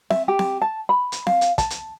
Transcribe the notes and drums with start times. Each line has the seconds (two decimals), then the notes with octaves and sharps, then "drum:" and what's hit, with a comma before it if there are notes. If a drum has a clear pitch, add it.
0.10 E5, drum: snare C4
0.28 G4
0.39 drum: snare C4
0.62 A5
0.89 B5
1.12 drum: hi-hat
1.27 F5, drum: snare C4
1.41 drum: hi-hat
1.58 A5, drum: kick, hi-hat
1.70 drum: hi-hat